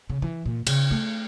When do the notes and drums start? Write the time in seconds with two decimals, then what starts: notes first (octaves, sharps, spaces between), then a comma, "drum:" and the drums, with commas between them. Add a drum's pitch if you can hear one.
0.10 C#3
0.22 E3
0.46 A#2
0.67 C#3, drum: cymbal
0.91 A3